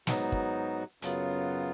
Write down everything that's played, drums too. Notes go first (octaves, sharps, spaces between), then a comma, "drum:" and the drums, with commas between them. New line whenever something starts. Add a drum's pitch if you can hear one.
G#2 F#3 B3 D#4 F#4, drum: snare
drum: kick
F#2 C#3 F#3 B3 F4, drum: hi-hat